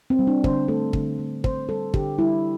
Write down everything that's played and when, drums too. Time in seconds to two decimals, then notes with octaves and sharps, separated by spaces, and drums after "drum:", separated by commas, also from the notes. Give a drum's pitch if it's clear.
0.10 C4
0.19 G3
0.27 D4
0.44 D3 C5, drum: kick
0.68 A3 A4
0.93 D3, drum: kick
1.19 A3
1.44 D3 C5, drum: kick
1.69 G3 A4
1.94 D3 G4, drum: kick
2.19 G3 E4